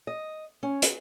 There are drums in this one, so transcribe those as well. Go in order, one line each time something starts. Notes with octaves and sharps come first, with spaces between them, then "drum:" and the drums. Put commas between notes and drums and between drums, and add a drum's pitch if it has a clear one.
D#5
C#4
drum: hi-hat